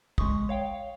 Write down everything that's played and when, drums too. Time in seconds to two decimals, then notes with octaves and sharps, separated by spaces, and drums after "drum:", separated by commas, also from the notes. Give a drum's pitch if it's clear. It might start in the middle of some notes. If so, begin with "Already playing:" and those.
0.18 G#3 C#6 D#6, drum: kick
0.49 C#5 F5 G5
0.66 F5